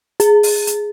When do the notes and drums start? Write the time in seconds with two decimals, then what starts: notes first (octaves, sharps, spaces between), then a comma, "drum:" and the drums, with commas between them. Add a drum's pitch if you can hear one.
0.20 G#4, drum: hi-hat
0.43 drum: open hi-hat
0.67 drum: hi-hat